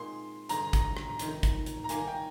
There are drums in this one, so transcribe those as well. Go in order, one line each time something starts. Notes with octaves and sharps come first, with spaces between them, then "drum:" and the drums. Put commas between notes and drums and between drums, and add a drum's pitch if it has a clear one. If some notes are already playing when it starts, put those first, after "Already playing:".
Already playing: A#2 G#3 C4 D#4 C6
G2 D3 G#3 A#5, drum: hi-hat
drum: kick, hi-hat
drum: rim click
F2 C3 D#3, drum: hi-hat
drum: kick, hi-hat
drum: hi-hat
A#5
D#3 G3 A#3 F4 G#5, drum: hi-hat
G5